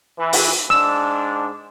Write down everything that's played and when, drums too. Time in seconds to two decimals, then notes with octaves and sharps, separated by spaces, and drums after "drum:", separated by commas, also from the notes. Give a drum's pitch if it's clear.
0.18 E3
0.33 drum: open hi-hat
0.70 G#2 D4 E6